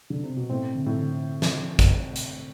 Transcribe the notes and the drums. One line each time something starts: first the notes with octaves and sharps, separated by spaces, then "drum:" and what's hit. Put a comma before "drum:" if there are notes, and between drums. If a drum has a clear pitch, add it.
D3
C3
B2
A2 C4
D3
A2
D3
drum: snare
drum: kick, hi-hat
drum: hi-hat